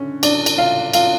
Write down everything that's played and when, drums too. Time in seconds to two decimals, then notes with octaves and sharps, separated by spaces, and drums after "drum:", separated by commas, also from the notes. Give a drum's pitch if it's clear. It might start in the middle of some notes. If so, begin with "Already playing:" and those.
Already playing: D3 C#4
0.23 D4 D5, drum: cymbal
0.46 drum: cymbal
0.58 F4 F5
0.93 F4 F5, drum: cymbal